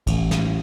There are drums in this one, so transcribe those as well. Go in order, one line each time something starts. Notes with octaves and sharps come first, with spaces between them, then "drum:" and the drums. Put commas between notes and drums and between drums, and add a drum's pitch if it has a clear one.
A1, drum: kick, cymbal
drum: snare